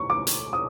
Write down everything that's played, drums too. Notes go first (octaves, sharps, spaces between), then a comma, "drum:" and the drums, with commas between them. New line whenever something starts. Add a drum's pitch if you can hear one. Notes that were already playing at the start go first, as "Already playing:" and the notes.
Already playing: C#6
D6
drum: hi-hat
D#6